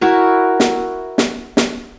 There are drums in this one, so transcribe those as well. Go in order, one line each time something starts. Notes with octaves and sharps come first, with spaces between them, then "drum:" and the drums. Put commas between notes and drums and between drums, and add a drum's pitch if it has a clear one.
E4 F#4 A#4
drum: snare
drum: snare
drum: snare